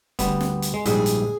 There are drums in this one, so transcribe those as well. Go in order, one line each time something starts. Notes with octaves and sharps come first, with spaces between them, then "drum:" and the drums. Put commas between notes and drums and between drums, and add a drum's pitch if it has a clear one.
D2 G3 B3, drum: kick, hi-hat
drum: snare
drum: hi-hat
G#3
A#1 G#2 G3 G#4, drum: hi-hat
drum: hi-hat